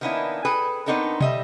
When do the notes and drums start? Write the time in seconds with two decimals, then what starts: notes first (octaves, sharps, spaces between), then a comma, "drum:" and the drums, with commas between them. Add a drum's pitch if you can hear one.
0.01 D#3 A#3 B3 C#4 D4 E4
0.45 G#4 A4 B4 G5
0.86 B3 C4 D4 D#4 A4 A#4
1.21 G3 D#5 E5, drum: tom B2